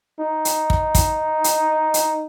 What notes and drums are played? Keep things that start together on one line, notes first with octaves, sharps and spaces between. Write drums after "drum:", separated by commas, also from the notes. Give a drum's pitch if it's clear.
D#4
drum: hi-hat
drum: kick
drum: kick, hi-hat
drum: hi-hat
drum: hi-hat